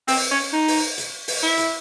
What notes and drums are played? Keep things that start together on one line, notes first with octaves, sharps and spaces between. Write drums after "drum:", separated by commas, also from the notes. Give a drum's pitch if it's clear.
C4, drum: open hi-hat
C#4
D#4
drum: open hi-hat
drum: hi-hat
drum: open hi-hat
E4
drum: hi-hat